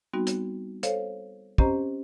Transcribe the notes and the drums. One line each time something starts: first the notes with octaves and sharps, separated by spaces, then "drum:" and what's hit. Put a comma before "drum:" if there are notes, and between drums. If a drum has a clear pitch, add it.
G3 B3 C4 D#4 F#4
drum: hi-hat
A4 C5 C#5 F5, drum: hi-hat
C4 C#4 G4 C5 D#5 A#5, drum: kick